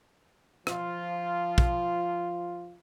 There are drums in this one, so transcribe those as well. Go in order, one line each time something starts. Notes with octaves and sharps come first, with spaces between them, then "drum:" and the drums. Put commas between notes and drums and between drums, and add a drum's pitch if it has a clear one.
F3 F4, drum: rim click
drum: kick